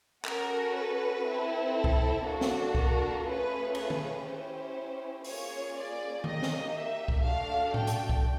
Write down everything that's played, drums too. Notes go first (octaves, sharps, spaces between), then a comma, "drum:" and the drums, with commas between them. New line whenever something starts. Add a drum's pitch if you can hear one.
C#4 F#4 A4 A#4, drum: clap
B4
C4 E4 A4
A4
drum: kick C2
A#3 D4 F#4 A4
drum: snare
A#4, drum: kick C2
A3 C#4 F4 G#4 B4
B4, drum: cymbal
drum: tom
C#4 E4 G4 C5
A#3 C#4 F4 G#4 C#5, drum: open hi-hat
D5
A#3 D#4 G4 D#5, drum: tom D#3
drum: snare
E5
drum: kick C2
A3 D4 F#4 A4 F5
G5, drum: tom A2
drum: hi-hat
drum: kick C2